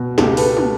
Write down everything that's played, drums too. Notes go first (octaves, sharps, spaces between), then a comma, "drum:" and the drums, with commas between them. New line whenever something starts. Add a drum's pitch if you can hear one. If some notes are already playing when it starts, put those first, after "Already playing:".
Already playing: B2
C#2 G4 A4, drum: snare
A4 B4, drum: open hi-hat
drum: tom